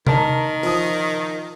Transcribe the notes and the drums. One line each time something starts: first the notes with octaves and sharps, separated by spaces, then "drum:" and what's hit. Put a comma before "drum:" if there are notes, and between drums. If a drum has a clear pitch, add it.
D#3 A#4 A5 A#5, drum: tom C3
F3 D#6, drum: open hi-hat